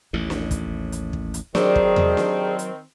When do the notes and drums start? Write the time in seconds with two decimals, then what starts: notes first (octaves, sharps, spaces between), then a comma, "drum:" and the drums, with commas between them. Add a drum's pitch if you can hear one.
0.13 A1 D#2 A2
0.30 drum: snare
0.51 drum: kick, hi-hat
0.92 drum: hi-hat
1.13 drum: kick
1.34 drum: hi-hat
1.55 D#3 F#3 C4 D4 G4 G#4, drum: snare
1.76 drum: kick
1.96 drum: tom E2
2.17 drum: snare
2.59 drum: hi-hat